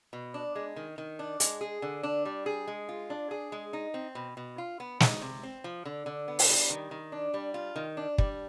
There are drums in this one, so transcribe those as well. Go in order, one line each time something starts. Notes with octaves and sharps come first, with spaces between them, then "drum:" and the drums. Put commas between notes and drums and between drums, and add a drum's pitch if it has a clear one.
B2
D4
G#3
D#3
D#3
D4
G#3, drum: hi-hat
G#4
D3
D4
G3
G#4
G#3
F4
D4
G#4
G#3
D#4
C4
B2
B2
F4
B3
D#4, drum: snare
C3
C4
F3
D3
D3
B3
drum: open hi-hat
G3
D#3
D#3
D4
G3
F4
D#3
D4
G3, drum: kick